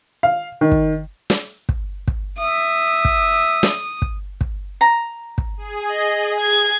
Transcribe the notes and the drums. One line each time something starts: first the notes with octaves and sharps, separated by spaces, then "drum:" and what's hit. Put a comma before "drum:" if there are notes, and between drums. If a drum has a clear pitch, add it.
F5
D#3
drum: kick
drum: snare
drum: kick
drum: kick
E5 D#6
drum: kick
drum: snare
drum: kick
drum: kick
A#5
drum: kick
G#4
D#5
G#6